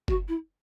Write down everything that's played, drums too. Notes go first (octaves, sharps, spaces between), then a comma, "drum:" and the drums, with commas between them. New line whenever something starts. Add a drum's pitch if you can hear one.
F#4, drum: kick F#1
E4